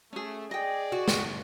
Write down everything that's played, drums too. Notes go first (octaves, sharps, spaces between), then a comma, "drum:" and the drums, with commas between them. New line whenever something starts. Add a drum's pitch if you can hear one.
A3 C#4 G#4
G#4 D5 D#5 G5
F#4
drum: snare